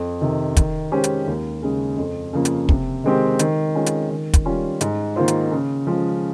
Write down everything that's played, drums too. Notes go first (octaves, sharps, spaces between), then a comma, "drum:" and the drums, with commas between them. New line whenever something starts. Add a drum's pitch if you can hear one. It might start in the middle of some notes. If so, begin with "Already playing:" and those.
Already playing: F2
C3 D#3
D#3, drum: kick, hi-hat
G#3 C#4 G4 C5
drum: hi-hat
D#2
C#3 G#3
F2
C#3 F3 A#3
drum: hi-hat
C3, drum: kick
D#3 G#3 C4 G4
D#3, drum: hi-hat
G#3 C#4 F4
drum: hi-hat
D#3
drum: kick, hi-hat
G3 C#4 F4
G#2, drum: hi-hat
D#3 A#3 F4 C5
drum: hi-hat
C#3
F3 G#3